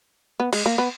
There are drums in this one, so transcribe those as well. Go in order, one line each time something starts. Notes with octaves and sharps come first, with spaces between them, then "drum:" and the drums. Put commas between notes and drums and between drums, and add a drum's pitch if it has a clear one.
B3
G#3, drum: cymbal
A#3
B3